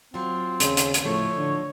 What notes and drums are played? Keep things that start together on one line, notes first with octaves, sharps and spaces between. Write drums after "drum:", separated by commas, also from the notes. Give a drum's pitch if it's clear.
F#3 C4 F4
D#2 C#3, drum: hi-hat
drum: hi-hat
drum: hi-hat
A2 F3 A3 D#4 C#5
D3